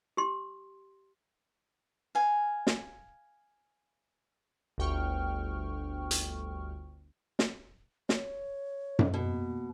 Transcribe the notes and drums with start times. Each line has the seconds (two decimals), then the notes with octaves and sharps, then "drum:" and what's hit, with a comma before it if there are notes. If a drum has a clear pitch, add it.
0.17 G4 C6
2.15 F5 G#5
2.67 drum: snare
4.78 G1 D2 G5 C#6 F6
6.11 drum: hi-hat
7.39 drum: snare
8.09 C#5, drum: snare
8.99 drum: tom F#2
9.14 B2 A#3